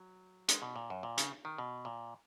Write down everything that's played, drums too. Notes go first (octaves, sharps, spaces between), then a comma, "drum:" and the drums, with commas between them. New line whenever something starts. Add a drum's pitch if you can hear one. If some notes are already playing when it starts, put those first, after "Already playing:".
Already playing: F#3
G#3, drum: hi-hat
B2
A#2
F#2
A#2
C#3, drum: hi-hat
D#3
B2
A#2